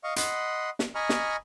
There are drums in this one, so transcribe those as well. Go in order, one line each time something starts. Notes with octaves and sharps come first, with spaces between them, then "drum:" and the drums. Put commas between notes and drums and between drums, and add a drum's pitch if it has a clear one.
D#5 F5 C#6
D#5 F#5 B5 C6, drum: hi-hat
drum: snare
D#5 G#5 A#5 B5 C#6 F6
drum: snare